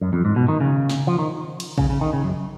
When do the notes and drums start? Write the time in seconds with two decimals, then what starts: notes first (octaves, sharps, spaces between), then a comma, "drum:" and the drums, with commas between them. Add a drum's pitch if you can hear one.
0.01 F#2
0.13 F2
0.25 G#2
0.36 B2
0.48 D#3
0.60 C#3
0.89 drum: snare
1.07 F3
1.19 D#3
1.60 drum: cymbal
1.78 C#3, drum: kick A#1
1.89 C#3
2.01 D#3
2.13 C#3
2.24 F#2